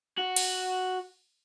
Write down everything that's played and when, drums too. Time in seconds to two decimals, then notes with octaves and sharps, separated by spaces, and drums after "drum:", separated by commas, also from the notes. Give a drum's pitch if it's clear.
0.17 F#4
0.36 drum: cymbal